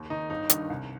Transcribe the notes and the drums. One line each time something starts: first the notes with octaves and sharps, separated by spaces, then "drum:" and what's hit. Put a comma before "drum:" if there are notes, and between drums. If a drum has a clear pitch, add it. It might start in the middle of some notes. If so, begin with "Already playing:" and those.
Already playing: D#2
D#3 D#4
G1 D#4
G2 D#3, drum: hi-hat
C2